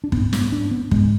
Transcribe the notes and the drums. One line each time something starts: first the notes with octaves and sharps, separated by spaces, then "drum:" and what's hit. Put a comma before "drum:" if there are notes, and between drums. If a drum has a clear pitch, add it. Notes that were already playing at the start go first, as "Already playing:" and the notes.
D4
G#2 B3, drum: kick
B3, drum: snare
D4
B3
G#2 G#3, drum: kick